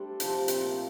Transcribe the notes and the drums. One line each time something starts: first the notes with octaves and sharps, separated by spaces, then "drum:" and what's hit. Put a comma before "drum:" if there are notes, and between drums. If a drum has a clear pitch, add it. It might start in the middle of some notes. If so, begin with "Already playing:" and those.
Already playing: G3 A3 D4 A4 C5
C3 F3 C4, drum: hi-hat
A#2 A3 C4 F4, drum: hi-hat